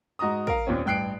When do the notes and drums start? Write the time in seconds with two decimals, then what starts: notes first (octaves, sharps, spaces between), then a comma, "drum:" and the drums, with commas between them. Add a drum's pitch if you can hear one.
0.19 G#2 F#4 D#5 A#5 D#6
0.47 A#4 F5, drum: kick
0.67 D#2 A#2 C4 C#4
0.85 A1 G2 G5 F#6 C7 D7